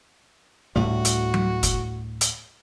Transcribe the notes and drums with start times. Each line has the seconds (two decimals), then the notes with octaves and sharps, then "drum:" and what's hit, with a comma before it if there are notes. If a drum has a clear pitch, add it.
0.76 D2 A2 G3 F#4
1.05 drum: hi-hat
1.34 drum: tom F#3
1.63 drum: kick, hi-hat
2.21 drum: hi-hat